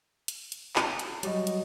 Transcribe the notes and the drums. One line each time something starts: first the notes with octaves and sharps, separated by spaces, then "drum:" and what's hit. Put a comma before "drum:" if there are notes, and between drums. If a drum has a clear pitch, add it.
drum: hi-hat
drum: hi-hat
drum: clap
drum: hi-hat
F#3 G3 F#4 D#5, drum: hi-hat
drum: hi-hat